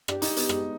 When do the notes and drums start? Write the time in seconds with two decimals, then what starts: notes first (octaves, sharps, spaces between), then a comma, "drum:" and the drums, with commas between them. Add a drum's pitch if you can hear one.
0.08 D4 G4, drum: rim click
0.22 D#4, drum: hi-hat
0.36 B3, drum: hi-hat
0.49 G#3, drum: rim click